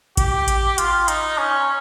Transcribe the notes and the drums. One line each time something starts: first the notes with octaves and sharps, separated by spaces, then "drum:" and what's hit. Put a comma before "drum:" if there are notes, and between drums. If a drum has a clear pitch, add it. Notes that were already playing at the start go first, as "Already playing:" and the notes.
G4, drum: kick A1, hi-hat
drum: hi-hat
F4, drum: hi-hat
D#4, drum: hi-hat
C#4